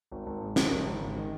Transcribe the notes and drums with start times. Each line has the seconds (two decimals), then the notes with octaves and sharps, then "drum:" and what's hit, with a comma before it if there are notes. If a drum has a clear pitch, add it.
0.12 G#1
0.26 G#1
0.41 G#2
0.56 D#3, drum: snare
0.71 G#1
0.87 G#1
1.02 G#2
1.16 D#3